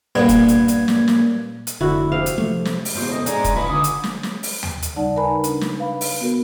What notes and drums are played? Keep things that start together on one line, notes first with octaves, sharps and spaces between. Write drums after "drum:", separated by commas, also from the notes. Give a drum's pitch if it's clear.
G2 A#2 A#3 B3 G#6
drum: kick, hi-hat
drum: hi-hat
drum: hi-hat
drum: snare
drum: snare
drum: hi-hat
F1 D3 E4 F#4
C3 F5
drum: hi-hat
F3 A3
drum: snare
drum: open hi-hat
E2 G#2 B3 F#4 C5
A3 C5 D#5
G#3 D4 D#4 G#5 A#5, drum: hi-hat
drum: kick, hi-hat
C#2 F4 B4 D#5 B5
D3 F4 G#5 D#6
drum: hi-hat
drum: snare
drum: snare
drum: open hi-hat
drum: tom D#2
drum: hi-hat
C#3 G3 D#4 D5 F#5 A5
A#4 B4 G#5 A#5 B5
D4, drum: hi-hat
drum: snare
B4 F5 B5
drum: open hi-hat
B3 F#4 A#4